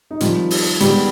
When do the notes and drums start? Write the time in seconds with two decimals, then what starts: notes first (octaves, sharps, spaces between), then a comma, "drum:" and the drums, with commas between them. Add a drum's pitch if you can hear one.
0.11 D#4
0.20 D#3 F3 G3 C4 F4, drum: hi-hat
0.51 drum: open hi-hat
0.80 D#3 G3 G#3 B3 G4, drum: hi-hat